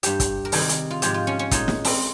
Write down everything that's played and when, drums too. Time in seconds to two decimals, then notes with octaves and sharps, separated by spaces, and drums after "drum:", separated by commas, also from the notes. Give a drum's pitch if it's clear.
0.03 G2 G3 G4, drum: hi-hat
0.20 drum: kick, hi-hat
0.45 A#4
0.52 C3 D#3 G3 G#4, drum: open hi-hat
0.69 drum: hi-hat
0.91 F4
1.02 G#2 F3 G#3 G4, drum: hi-hat
1.14 F4
1.27 C#4
1.39 C#4
1.51 A#2 G#3 D#4, drum: kick, hi-hat
1.68 drum: snare
1.85 C4, drum: open hi-hat